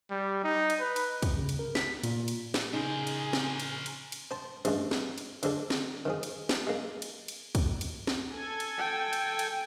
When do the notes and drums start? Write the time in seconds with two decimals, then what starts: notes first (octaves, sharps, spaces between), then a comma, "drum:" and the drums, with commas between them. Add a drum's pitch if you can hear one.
0.11 G3
0.44 D#4
0.70 drum: cymbal
0.80 B4
0.96 drum: cymbal
1.22 drum: kick, cymbal
1.37 C#3
1.49 drum: cymbal
1.59 A#4
1.75 B6, drum: snare
2.04 A#2, drum: cymbal
2.28 drum: cymbal
2.54 drum: snare
2.73 C#3 D#4 G#4 A#4 C5
3.07 drum: cymbal
3.33 drum: snare
3.60 drum: cymbal
3.86 drum: cymbal
4.12 drum: cymbal
4.31 C5 A5
4.65 A1 G2 F3 G#3, drum: cymbal
4.91 drum: snare
5.18 drum: cymbal
5.43 D3 F3 G#3 A4, drum: cymbal
5.70 drum: snare
6.05 D#3 F3 G#4
6.23 drum: cymbal
6.49 drum: snare
6.67 G#3 A#3
7.02 drum: cymbal
7.28 drum: cymbal
7.55 drum: kick, cymbal
7.81 drum: cymbal
8.07 drum: snare
8.30 A4 G#5
8.60 drum: cymbal
8.78 G5
9.13 drum: cymbal
9.39 drum: cymbal